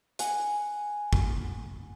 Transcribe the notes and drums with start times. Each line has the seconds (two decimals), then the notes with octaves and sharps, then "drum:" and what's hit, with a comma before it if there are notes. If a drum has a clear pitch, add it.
0.19 F#5 G#5, drum: hi-hat
1.13 drum: kick